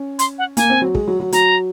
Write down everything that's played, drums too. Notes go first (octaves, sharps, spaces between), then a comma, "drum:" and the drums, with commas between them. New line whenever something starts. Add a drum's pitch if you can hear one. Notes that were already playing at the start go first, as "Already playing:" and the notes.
Already playing: C#4
C6, drum: hi-hat
F#5
A#3 G#5, drum: hi-hat
C4
F#3
G#3, drum: kick
F#3
F#3
F#3 A#5, drum: hi-hat